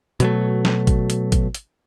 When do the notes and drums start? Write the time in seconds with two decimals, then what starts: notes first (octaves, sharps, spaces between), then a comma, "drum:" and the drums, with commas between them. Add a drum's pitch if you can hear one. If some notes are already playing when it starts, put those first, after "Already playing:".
0.20 B2 F#3 A3, drum: hi-hat
0.65 drum: snare
0.87 drum: kick G#1, hi-hat
1.10 drum: hi-hat
1.32 drum: kick G#1, hi-hat
1.55 drum: hi-hat